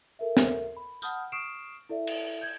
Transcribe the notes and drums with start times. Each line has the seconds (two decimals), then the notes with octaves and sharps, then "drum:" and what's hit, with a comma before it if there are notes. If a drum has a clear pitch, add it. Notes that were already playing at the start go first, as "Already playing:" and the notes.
0.19 A4 A#4 E5
0.37 drum: snare
0.77 B5
1.02 F#5 A5 B5 D#6 F6 G6, drum: tambourine
1.32 C#6 D#6 F6 C7 D7 E7
1.89 E4 A4 D5 E5
2.07 drum: cymbal
2.41 G6 G#6